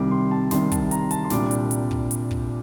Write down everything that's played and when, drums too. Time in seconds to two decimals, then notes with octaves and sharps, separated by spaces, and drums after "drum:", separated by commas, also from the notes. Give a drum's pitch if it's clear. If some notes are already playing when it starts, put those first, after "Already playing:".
Already playing: C2 C3 D#3 G3 D6
0.11 C6
0.31 A5
0.51 C2 C3 D#3 G3 C6, drum: snare
0.72 A5, drum: kick, hi-hat
0.91 A#5, drum: hi-hat
1.11 A5, drum: hi-hat
1.25 C6
1.30 C2 A#2 G3 D4 D6, drum: snare
1.51 drum: hi-hat
1.71 drum: hi-hat
1.91 drum: kick
2.11 drum: hi-hat
2.31 drum: kick